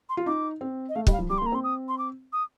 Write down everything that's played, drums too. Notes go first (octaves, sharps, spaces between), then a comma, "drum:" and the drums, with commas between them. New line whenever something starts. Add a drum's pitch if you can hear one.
C6
F4
D#4 D6
C4
D#5
A3 F5
G3 D#5, drum: kick
F5
F3
G3 D6
C6
A#3
A#5
C4 C6
D#6
C6
D6
D#6